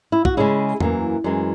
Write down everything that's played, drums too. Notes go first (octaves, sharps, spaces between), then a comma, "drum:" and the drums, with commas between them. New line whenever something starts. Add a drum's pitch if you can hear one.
E4
F#4, drum: kick
C#3 G#3 C#4 E4 G#4
F#2 E3 A#3, drum: tom E2
F#2 E3 G#3